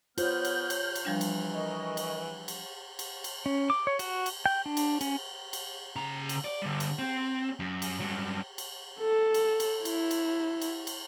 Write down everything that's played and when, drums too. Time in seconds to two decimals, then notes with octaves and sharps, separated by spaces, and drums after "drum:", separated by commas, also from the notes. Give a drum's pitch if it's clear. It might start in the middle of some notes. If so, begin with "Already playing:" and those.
0.18 B3 F4 C5 C#5 F6 G6, drum: cymbal
0.45 drum: cymbal
0.70 drum: cymbal
0.95 drum: cymbal
1.05 E3 F3 G3 D4
1.21 drum: cymbal
1.54 A#4 D#5 C#6
1.97 drum: cymbal
2.48 drum: cymbal
2.99 drum: cymbal
3.24 drum: cymbal
3.46 C#4
3.70 D6
3.87 C#5
3.99 F#4, drum: cymbal
4.26 drum: cymbal
4.46 G5
4.66 D4
4.77 drum: cymbal
5.01 C#4, drum: cymbal
5.53 drum: cymbal
5.96 C#3 A#5
6.29 drum: cymbal
6.45 D5
6.62 D3 G3
6.80 drum: cymbal
6.99 C4
7.60 F#2
7.82 drum: cymbal
8.00 G2 F#3
8.58 drum: cymbal
9.00 A4
9.34 drum: cymbal
9.60 drum: cymbal
9.85 E4, drum: cymbal
10.11 drum: cymbal
10.62 drum: cymbal
10.87 drum: cymbal